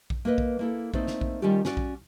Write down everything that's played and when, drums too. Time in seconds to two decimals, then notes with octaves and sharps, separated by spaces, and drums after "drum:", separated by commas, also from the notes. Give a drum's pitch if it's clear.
0.10 drum: kick A#1
0.25 A#3 A#4 B4 D#5
0.38 drum: kick A#1
0.59 A#3 E4 A4
0.94 A3 A#3 C4 D#4 C5 D5, drum: kick A#1
1.07 drum: snare
1.21 drum: kick A#1
1.42 D#3 G3 C#4 F4 G4
1.65 C#4 F#4 D5, drum: snare
1.77 drum: kick A#1